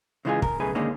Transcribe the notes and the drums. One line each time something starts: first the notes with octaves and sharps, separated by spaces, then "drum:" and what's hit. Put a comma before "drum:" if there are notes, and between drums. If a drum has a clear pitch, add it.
C#3 E3 G#3 E4 F4 G#4
A#4, drum: kick
B1 C#3 A3 G#4 B4
D3 D#3 G#3 A#3 C#4